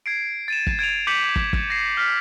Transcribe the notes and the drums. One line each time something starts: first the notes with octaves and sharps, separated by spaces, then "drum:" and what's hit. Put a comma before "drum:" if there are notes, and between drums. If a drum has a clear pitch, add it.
G#6 C7 D7
A6 D#7 E7
drum: kick
G#6 D7 D#7 F7
D6 G6 B6 C#7 D#7 F#7
drum: kick
drum: kick
A#6 C7
F6 G6 B6